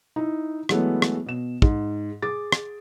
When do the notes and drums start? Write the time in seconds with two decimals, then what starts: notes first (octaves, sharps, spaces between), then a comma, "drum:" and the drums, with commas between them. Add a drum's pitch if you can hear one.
0.16 D#4 E4
0.69 E3 F#3 G#3 A3 B3, drum: rim click
1.02 drum: rim click
1.26 B2 E7
1.62 G#2, drum: kick
2.22 G#4 D6 A6
2.52 drum: rim click